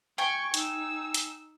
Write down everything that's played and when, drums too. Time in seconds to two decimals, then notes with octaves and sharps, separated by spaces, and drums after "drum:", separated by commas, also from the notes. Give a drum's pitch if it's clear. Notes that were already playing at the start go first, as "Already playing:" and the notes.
0.18 G5 G#5 C#6
0.54 D#4 E6, drum: hi-hat
1.14 drum: hi-hat